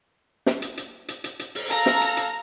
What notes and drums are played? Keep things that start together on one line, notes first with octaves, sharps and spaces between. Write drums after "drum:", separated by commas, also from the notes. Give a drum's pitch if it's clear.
drum: snare
drum: hi-hat
drum: hi-hat
drum: hi-hat
drum: hi-hat
drum: hi-hat
drum: open hi-hat
A4 F5 A#5, drum: hi-hat
drum: snare
drum: hi-hat
drum: hi-hat